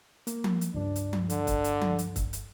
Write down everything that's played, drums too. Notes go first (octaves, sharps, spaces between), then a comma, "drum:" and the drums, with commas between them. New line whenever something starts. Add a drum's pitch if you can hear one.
A#3, drum: hi-hat
drum: tom F3
drum: hi-hat
C#2 G2 D4
drum: hi-hat
drum: tom F3
D3, drum: hi-hat
drum: kick, hi-hat
drum: hi-hat
drum: tom F3
drum: hi-hat
drum: kick, hi-hat
drum: hi-hat